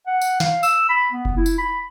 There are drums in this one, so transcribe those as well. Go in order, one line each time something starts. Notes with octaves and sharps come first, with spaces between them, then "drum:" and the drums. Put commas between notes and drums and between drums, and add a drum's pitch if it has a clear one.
F#5
drum: tambourine
F5, drum: snare
E6, drum: tambourine
B5
B3
drum: kick F1
E4
drum: tambourine
B5